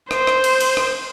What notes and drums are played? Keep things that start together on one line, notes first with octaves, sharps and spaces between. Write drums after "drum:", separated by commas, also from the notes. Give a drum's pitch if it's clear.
C5, drum: rim click
drum: rim click
drum: cymbal
drum: cymbal
drum: rim click